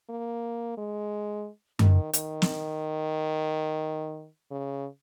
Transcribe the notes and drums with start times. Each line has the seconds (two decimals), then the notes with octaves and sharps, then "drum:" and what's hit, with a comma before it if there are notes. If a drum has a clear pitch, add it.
0.09 A#3
0.77 G#3
1.79 D#3, drum: tom F#2
2.13 D#3, drum: hi-hat
2.42 drum: snare
4.51 C#3